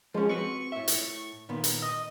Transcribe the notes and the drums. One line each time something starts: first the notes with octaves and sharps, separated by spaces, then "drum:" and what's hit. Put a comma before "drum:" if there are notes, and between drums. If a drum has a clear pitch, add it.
F3 G#3 C#4
C4 F#4 B4 C#6
A2 E5
drum: hi-hat
A#2 D#3 B3
drum: hi-hat
D#5